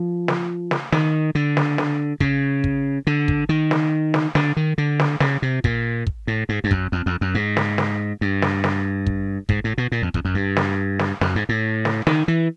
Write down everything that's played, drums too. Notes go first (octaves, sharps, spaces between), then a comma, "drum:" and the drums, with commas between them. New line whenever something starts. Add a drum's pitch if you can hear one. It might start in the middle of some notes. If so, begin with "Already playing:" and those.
Already playing: F3
drum: snare
drum: snare
D#3, drum: snare
D3
drum: snare
drum: snare
C#3, drum: kick
drum: kick
D3
drum: kick
D#3
drum: snare
drum: snare
D3, drum: snare
D#3
D3
drum: snare
C#3, drum: snare
C3
A#2, drum: kick
drum: kick
A2
G#2
G2
F#2, drum: kick
F2
F2
F#2
G#2
drum: snare
drum: snare
G2
drum: snare
drum: snare
drum: kick
G#2, drum: kick
A2
B2
A#2
F2
E2, drum: kick
F#2
G2
drum: snare
drum: snare
F#2, drum: snare
G#2
A2
drum: snare
D#3, drum: snare
E3